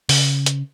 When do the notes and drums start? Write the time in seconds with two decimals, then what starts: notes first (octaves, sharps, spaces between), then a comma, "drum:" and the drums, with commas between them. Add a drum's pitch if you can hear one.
0.09 C#3, drum: open hi-hat
0.46 drum: hi-hat